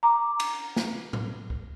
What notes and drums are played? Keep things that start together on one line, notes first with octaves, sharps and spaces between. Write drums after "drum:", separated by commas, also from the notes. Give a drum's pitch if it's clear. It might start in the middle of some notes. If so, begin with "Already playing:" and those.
A#5 D6
drum: cymbal
drum: snare
drum: tom A2
drum: kick